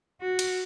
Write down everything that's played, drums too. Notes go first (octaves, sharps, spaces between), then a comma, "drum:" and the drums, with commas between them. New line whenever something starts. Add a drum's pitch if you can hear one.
F#4
drum: cymbal